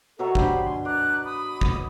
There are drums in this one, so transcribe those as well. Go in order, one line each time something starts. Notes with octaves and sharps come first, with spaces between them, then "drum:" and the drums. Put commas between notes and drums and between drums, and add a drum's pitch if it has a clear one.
B2 F#3 A4 E5 A#5 C#6
D4 G4 C5 B5, drum: kick
G#5 C6
D4 D5 A#5 F#6
B5 D#6
drum: kick